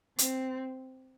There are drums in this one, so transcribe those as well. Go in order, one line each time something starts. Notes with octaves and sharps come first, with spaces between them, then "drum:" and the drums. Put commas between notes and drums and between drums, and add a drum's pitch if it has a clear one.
C4, drum: hi-hat